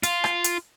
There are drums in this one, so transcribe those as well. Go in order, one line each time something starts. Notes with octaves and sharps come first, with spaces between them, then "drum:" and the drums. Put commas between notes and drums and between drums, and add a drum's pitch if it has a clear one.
F4, drum: hi-hat
drum: rim click
drum: hi-hat